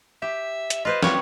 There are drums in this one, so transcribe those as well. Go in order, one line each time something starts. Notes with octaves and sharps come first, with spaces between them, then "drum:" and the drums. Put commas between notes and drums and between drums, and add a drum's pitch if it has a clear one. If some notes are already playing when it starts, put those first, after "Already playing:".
G4 E5
drum: hi-hat
F4 B4 C5 D#5
G3 F4 C#5 F#5, drum: snare